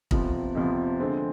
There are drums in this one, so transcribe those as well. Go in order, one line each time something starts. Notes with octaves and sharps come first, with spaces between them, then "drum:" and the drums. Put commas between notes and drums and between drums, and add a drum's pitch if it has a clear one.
F2 C3 F3 B3, drum: kick
F2 C3 F3 B3
D3 G#3 C4